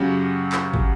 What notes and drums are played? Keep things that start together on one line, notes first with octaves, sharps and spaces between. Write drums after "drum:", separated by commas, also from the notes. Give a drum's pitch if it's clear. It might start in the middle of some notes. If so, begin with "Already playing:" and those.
Already playing: F#2 C#3 F#3 G4
drum: clap
drum: kick